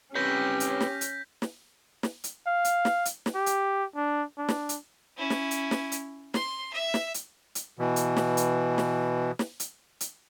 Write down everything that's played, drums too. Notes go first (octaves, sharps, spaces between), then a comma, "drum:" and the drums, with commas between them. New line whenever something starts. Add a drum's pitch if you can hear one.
C4 C#4 G4 B4 C#5 G6 A#6 B6
drum: hi-hat
drum: snare
drum: hi-hat
drum: snare
drum: snare
drum: hi-hat
F5
drum: hi-hat
drum: snare
drum: hi-hat
drum: snare
G4
drum: hi-hat
D4
D4
drum: snare
drum: hi-hat
C#4 E4
drum: snare
drum: hi-hat
drum: snare
drum: hi-hat
C6, drum: snare
E5
drum: snare
drum: hi-hat
drum: hi-hat
B2 E3
drum: hi-hat
drum: snare
drum: hi-hat
drum: snare
drum: snare
drum: hi-hat
drum: hi-hat